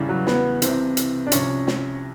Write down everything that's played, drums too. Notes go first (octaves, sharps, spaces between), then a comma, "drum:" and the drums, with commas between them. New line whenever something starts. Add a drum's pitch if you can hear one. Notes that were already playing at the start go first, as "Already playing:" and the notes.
Already playing: E2 C#3 E3 G3
F#3
B3, drum: snare
C2 C3 E3 C4, drum: hi-hat
drum: hi-hat
D4
C2 C3 F3 C#4, drum: hi-hat
drum: snare